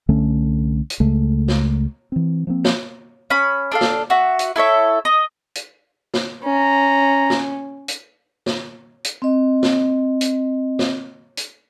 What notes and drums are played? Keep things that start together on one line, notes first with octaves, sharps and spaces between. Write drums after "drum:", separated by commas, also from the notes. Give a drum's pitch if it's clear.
C2 D3 A3 C#4
drum: hi-hat
C#2 C#3 G#3 A3
drum: snare
E3 C4
F3 A#3 C4
drum: snare
C#4 B5
D4 A4 F5
drum: snare
F#4 E5
drum: hi-hat
E4 A4 C#5 E5
D#5
drum: hi-hat
drum: snare
C#4 A#5
drum: snare
drum: hi-hat
drum: snare
drum: hi-hat
C4 D#5
drum: snare
drum: hi-hat
drum: snare
drum: hi-hat